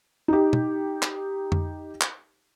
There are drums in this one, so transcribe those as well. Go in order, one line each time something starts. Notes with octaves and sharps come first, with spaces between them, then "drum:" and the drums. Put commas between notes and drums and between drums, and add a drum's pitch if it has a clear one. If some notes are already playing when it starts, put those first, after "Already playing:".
D#4 G4
drum: tom
drum: clap
drum: tom F2
drum: clap